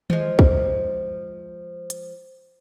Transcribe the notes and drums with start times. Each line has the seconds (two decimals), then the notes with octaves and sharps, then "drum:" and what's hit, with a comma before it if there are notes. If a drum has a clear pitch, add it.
0.10 F3 G#3, drum: tom D#3
0.39 drum: kick
1.90 drum: hi-hat